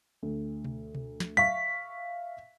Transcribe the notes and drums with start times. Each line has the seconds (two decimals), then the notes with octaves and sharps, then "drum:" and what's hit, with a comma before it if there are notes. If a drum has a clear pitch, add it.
0.23 D2
0.64 drum: tom B2
0.95 drum: tom B2
1.20 drum: snare
1.37 E5 F5 C#6 B6, drum: tom F#3